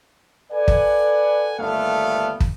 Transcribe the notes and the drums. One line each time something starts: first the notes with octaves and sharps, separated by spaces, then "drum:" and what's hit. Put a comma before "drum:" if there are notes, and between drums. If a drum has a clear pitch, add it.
A4 B4 D5 F#5 G#5
drum: kick
G1 D#2 A3 B3 D4 F5
drum: kick